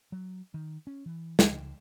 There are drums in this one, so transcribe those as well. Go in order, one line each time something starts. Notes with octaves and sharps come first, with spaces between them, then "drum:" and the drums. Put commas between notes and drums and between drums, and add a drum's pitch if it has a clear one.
F#3
D#3
C#4
E3
C#2, drum: snare